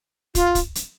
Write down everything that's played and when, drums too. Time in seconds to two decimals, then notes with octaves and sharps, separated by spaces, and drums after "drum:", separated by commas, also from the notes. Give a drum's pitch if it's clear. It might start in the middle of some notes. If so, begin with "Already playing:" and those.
0.35 F4, drum: kick, hi-hat
0.55 drum: kick, hi-hat
0.75 drum: hi-hat